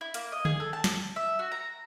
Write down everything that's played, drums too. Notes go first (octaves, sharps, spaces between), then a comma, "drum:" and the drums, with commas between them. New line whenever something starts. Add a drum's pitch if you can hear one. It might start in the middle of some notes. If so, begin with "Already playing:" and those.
E4
A#3, drum: hi-hat
D#5
G#4, drum: tom D3
A4
A5
drum: snare
E5
F#4
A#5